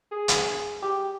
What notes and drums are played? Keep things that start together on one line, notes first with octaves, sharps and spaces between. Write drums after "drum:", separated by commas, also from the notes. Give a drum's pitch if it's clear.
G#4
drum: hi-hat
G4